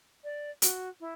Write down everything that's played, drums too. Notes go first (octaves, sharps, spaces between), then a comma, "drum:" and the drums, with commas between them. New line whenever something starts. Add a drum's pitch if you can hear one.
D5
F#4, drum: hi-hat
E4